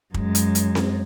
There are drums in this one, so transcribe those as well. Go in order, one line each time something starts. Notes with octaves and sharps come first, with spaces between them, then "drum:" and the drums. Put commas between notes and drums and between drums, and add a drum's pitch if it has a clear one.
F#2 G#3, drum: kick
drum: hi-hat
drum: hi-hat
drum: snare C4